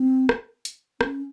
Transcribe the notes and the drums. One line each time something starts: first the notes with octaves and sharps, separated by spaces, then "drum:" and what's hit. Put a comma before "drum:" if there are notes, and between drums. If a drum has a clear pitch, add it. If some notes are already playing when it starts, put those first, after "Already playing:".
Already playing: C4
drum: rim click
drum: hi-hat
C#4, drum: rim click